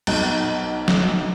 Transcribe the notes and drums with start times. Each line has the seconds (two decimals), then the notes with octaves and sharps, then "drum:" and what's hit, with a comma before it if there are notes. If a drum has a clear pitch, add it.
0.07 B1, drum: cymbal
0.88 drum: snare